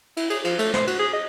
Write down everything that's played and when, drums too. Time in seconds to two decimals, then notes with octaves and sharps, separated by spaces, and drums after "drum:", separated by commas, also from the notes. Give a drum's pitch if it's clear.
0.17 E4, drum: cymbal
0.30 G#4, drum: cymbal
0.44 F3, drum: cymbal
0.59 A3, drum: cymbal
0.74 C5, drum: snare
0.87 F#4, drum: cymbal
0.99 G#4
1.13 D#5